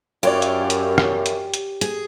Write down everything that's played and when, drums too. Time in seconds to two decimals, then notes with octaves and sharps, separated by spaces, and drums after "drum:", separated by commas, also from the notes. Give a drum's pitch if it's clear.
0.23 F#2 F4 G4 C#5 D5
0.42 drum: hi-hat
0.70 drum: hi-hat
0.98 drum: rim click
1.26 drum: hi-hat
1.54 drum: hi-hat
1.81 G#4, drum: hi-hat